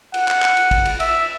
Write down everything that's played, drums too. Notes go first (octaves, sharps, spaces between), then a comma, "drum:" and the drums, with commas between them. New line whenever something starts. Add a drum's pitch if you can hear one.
F#5, drum: cymbal
drum: clap
drum: clap
drum: cymbal
drum: kick, cymbal
drum: cymbal
E5, drum: cymbal